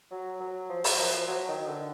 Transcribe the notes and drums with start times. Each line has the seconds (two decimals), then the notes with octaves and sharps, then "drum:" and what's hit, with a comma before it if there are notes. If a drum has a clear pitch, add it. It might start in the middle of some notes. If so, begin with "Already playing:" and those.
0.11 F#3
0.40 F#3
0.69 F3
0.84 F#3, drum: open hi-hat
0.99 F3
1.14 F3
1.28 F#3
1.48 D#3
1.60 D#3
1.67 D3